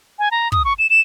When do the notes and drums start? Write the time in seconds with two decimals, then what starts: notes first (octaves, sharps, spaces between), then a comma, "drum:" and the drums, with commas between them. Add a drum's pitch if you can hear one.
0.19 G#5
0.31 A#5
0.52 D#6, drum: kick
0.65 C#6
0.79 E7
0.90 E7